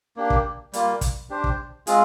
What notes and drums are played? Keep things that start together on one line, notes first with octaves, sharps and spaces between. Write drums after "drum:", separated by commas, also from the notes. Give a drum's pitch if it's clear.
A#3 D4 G4
drum: kick
G3 A#3 F4, drum: hi-hat
drum: kick, hi-hat
D4 G4 C5
drum: kick
G#3 C4 F4 G#4, drum: hi-hat